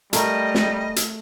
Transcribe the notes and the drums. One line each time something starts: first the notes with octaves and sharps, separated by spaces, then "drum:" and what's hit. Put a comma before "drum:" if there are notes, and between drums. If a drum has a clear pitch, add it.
G3 A3 A#4 D#5, drum: hi-hat
drum: snare
drum: hi-hat